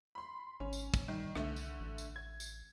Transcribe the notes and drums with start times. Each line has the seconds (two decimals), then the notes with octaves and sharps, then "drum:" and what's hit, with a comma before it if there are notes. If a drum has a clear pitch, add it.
0.15 B5 C6
0.60 G#1 C#4
0.73 drum: tambourine
0.94 drum: kick, tambourine
1.08 D#3 G3
1.35 C2 D3 A3, drum: rim click
1.56 drum: tambourine
1.80 A1
1.98 drum: tambourine
2.16 G#6
2.40 drum: tambourine